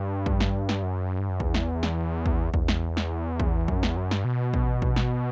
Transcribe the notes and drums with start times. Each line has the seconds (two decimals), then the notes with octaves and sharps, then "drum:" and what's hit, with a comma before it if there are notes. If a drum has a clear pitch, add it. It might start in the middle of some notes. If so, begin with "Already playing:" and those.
Already playing: G2
0.26 drum: kick
0.40 drum: snare
0.69 drum: snare
0.83 F#2
1.19 G2
1.29 F#2
1.40 E2, drum: kick
1.54 drum: snare
1.83 drum: snare
2.26 drum: kick
2.54 E2, drum: kick
2.68 drum: snare
2.97 drum: snare
3.40 drum: kick
3.68 F#2, drum: kick
3.83 E2, drum: snare
3.97 F#2
4.11 G2, drum: snare
4.25 B2
4.54 drum: kick
4.82 drum: kick
4.96 drum: snare